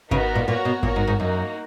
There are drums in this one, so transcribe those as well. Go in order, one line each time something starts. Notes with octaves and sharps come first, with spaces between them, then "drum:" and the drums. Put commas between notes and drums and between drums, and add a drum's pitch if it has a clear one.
C#3 B3 D#4 F#4 A#4, drum: kick G#1
A#2
A#2 F#4 A#4 C#5
B2
A#2 F#4 A#4 C#5, drum: kick G#1
G#2
G#2
F#2 A#3 D#4 F#4